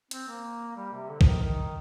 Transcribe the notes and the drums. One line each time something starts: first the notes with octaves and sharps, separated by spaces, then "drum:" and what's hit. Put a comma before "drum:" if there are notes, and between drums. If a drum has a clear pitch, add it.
C4, drum: hi-hat
A#3
G3
C3
D3
F3, drum: kick
D#3
D#3